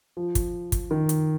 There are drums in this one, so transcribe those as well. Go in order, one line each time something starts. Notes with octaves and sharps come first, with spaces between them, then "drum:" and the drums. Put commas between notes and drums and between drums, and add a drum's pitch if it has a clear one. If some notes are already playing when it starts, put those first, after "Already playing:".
F3
drum: kick, hi-hat
drum: kick, hi-hat
D#3
drum: hi-hat